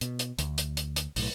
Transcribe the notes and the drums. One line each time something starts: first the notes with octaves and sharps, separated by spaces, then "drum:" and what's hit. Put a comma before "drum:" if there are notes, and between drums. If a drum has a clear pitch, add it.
B2, drum: hi-hat
drum: hi-hat
D2, drum: hi-hat
drum: hi-hat
drum: hi-hat
drum: hi-hat
B1 A2, drum: open hi-hat